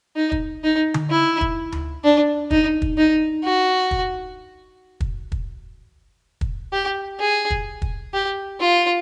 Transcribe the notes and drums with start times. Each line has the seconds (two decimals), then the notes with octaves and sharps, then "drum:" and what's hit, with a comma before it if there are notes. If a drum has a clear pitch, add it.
0.16 D#4
0.32 drum: kick
0.64 D#4
0.94 drum: tom D3
1.10 E4
1.41 drum: kick
1.72 drum: tom D2
2.04 D4
2.51 D#4, drum: kick
2.82 drum: kick
2.97 D#4
3.44 F#4
3.91 drum: kick
5.00 drum: kick
5.32 drum: kick
6.41 drum: kick
6.72 G4
7.19 G#4
7.50 drum: kick
7.82 drum: kick
8.13 G4
8.60 F4